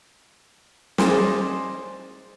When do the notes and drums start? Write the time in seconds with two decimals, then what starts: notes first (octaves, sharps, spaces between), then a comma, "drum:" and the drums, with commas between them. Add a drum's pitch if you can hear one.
0.98 C5 D5 D#5 G#5, drum: snare